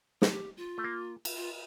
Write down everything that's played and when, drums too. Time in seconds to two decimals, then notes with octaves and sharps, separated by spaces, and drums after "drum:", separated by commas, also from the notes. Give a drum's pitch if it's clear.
0.22 A4, drum: snare
0.31 G4
0.57 F4
0.78 A3
0.84 A#3
1.25 drum: cymbal
1.36 F4